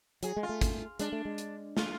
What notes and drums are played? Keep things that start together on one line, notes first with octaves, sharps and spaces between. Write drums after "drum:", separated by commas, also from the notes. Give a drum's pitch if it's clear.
F#3 G#4, drum: hi-hat
G#3
F4
A3
drum: kick, hi-hat
G#3 D4, drum: hi-hat
A3
G#3
drum: hi-hat
F4, drum: snare